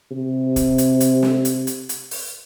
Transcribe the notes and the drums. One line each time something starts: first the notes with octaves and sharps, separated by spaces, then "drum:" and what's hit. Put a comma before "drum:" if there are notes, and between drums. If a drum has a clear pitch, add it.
C3
drum: kick, hi-hat
drum: hi-hat
drum: hi-hat
drum: snare
drum: hi-hat
drum: hi-hat
drum: hi-hat
drum: open hi-hat